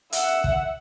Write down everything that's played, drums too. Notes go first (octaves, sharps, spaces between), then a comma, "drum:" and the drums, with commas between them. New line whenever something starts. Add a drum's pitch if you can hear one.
E5 F#5, drum: hi-hat
drum: kick